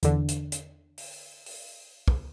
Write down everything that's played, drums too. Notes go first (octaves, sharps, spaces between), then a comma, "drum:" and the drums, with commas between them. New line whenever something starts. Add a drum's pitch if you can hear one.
E2 D3, drum: hi-hat
drum: hi-hat
drum: hi-hat
drum: open hi-hat
drum: open hi-hat
drum: kick